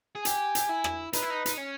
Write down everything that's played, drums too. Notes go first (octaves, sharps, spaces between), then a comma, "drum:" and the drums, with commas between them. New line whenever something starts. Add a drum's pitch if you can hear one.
G#4
G4 G#5, drum: hi-hat
drum: hi-hat
E4
drum: rim click
D#4 B4, drum: hi-hat
E4
D#4
D#4, drum: hi-hat
C#4